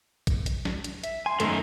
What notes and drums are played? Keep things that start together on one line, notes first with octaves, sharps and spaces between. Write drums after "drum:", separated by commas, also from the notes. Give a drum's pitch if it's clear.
drum: kick, hi-hat
drum: hi-hat
drum: snare
drum: hi-hat
E5, drum: hi-hat
G#5 C6
F#2 D#3 A3, drum: hi-hat